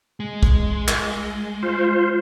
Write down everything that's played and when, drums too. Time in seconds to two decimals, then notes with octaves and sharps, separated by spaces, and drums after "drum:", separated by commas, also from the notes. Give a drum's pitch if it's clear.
0.20 G#3
0.43 drum: kick
0.88 drum: clap
1.63 F4 C5